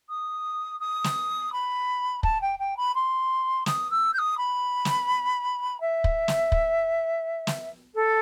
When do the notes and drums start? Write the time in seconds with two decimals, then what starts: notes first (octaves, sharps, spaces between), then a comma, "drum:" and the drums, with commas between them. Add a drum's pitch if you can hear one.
0.09 D#6
0.80 D#6
1.04 drum: snare
1.53 B5
2.23 A5, drum: kick
2.41 G5
2.59 G5
2.77 B5
2.95 C6
3.66 D#6, drum: snare
3.90 E6
4.14 G6
4.18 D#6
4.38 B5
4.85 drum: snare
5.81 E5
6.04 drum: kick
6.28 drum: snare
6.52 drum: kick
7.47 drum: snare
7.95 A4